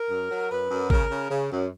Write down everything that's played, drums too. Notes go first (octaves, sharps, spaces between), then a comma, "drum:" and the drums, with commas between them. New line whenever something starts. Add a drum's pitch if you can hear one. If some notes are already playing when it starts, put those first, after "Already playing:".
Already playing: A#4
F#2
F#3
F#2 B4
F#2
C#3 A#4, drum: kick G#1
C#3
C#3
F#2